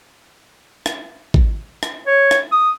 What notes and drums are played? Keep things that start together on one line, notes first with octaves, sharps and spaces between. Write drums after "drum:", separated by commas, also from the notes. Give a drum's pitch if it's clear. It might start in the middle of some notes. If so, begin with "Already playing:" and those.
drum: rim click
drum: kick
drum: rim click
C#5
drum: rim click
D#6